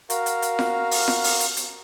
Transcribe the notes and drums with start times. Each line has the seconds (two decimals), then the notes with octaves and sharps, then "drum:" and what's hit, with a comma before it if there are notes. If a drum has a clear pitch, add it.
0.10 F#4 A#4 F5, drum: hi-hat
0.26 drum: hi-hat
0.42 drum: hi-hat
0.59 drum: snare F4
0.91 drum: open hi-hat
1.08 drum: snare F4
1.24 drum: open hi-hat
1.40 drum: hi-hat
1.57 drum: hi-hat